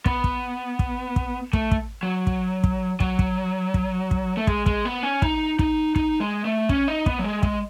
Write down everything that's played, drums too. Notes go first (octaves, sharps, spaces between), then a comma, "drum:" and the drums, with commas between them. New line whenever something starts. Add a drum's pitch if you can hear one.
B3, drum: kick
drum: kick
drum: kick
drum: kick
A3, drum: kick
drum: kick
F#3
drum: kick
drum: kick
F#3, drum: kick
drum: kick
drum: kick
drum: kick
A3
G#3, drum: kick
G#3, drum: kick
B3
C#4
D#4, drum: kick
D#4, drum: kick
D#4, drum: kick
G#3
A3
C#4, drum: kick
D#4
B3, drum: kick
F#3
G#3
G#3, drum: kick